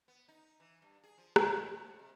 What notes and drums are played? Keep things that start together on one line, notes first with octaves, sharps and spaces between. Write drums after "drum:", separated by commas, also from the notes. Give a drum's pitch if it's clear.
B3
D#4
E3
G2
G#4
F3
D4, drum: rim click
F2
C3